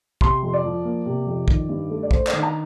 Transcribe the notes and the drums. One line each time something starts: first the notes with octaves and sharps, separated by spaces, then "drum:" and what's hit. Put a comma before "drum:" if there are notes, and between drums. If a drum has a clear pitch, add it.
C3 C6, drum: kick
F2
D5
F3
A#3
C3
F2
D#3, drum: kick
G2
A3
D5
D4 C5, drum: kick
D5, drum: clap
D#3
A#5